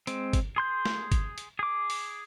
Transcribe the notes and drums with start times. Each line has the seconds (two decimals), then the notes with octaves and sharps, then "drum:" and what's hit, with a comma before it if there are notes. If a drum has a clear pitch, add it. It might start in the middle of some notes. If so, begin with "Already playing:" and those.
0.07 G#3 C4, drum: hi-hat
0.33 drum: kick G1, hi-hat
0.56 G#4 C6 G6
0.86 drum: snare
1.12 drum: kick G1, hi-hat
1.38 drum: hi-hat
1.59 G#4 D6
1.90 drum: open hi-hat